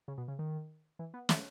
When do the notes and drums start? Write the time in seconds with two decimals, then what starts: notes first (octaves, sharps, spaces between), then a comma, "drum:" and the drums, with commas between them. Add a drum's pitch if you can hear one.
0.08 C#3
0.18 B2
0.28 C#3
0.39 D#3
0.99 E3
1.14 B3
1.29 A3, drum: snare